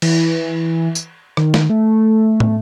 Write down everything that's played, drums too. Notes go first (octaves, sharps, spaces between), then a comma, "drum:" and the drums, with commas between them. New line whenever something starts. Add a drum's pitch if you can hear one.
E3, drum: cymbal
drum: tambourine
D#3, drum: rim click
drum: snare
A3
drum: tom